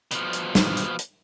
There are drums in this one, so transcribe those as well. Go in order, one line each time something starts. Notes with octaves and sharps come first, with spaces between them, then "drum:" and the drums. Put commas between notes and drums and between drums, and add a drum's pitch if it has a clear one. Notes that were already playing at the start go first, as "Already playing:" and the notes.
B2 F3, drum: hi-hat
drum: hi-hat
drum: snare
drum: hi-hat
drum: hi-hat